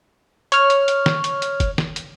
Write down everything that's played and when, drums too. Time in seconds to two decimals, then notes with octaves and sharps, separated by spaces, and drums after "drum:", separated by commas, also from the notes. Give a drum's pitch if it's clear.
0.52 C#5 F6, drum: hi-hat
0.70 drum: hi-hat
0.88 drum: hi-hat
1.06 drum: snare
1.24 drum: hi-hat
1.42 drum: hi-hat
1.60 drum: kick, hi-hat
1.78 drum: snare
1.96 drum: hi-hat